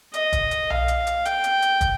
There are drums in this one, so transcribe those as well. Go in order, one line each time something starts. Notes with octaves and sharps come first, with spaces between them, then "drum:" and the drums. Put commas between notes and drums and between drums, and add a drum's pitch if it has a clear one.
D#5, drum: hi-hat
drum: kick, hi-hat
drum: hi-hat
F5, drum: tom B1
drum: hi-hat
drum: hi-hat
G5, drum: hi-hat
drum: hi-hat
drum: hi-hat
drum: kick, hi-hat